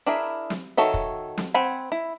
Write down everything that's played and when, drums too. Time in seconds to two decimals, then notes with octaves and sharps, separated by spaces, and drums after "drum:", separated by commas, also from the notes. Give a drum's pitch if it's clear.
0.06 D4 E4 G#4 A#4 E5
0.50 drum: snare
0.77 D#3 F#4 A4 C#5 E5
0.94 drum: kick
1.38 drum: snare
1.54 C4 F#5 G#5 B5
1.92 E4